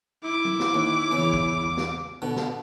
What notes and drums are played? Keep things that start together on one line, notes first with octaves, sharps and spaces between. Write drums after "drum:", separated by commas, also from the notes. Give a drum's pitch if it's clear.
E4 D6
drum: tom
drum: snare
D#2
E2 C#3
drum: kick
drum: tom E2
drum: snare
B2 D3
drum: snare